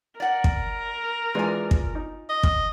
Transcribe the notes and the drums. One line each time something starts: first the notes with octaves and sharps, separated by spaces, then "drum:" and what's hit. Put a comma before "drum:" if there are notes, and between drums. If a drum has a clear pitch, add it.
A#4 D5 F#5
drum: kick
E3 G#3 D4 F4 G#5
drum: kick
D#4
D#5
drum: kick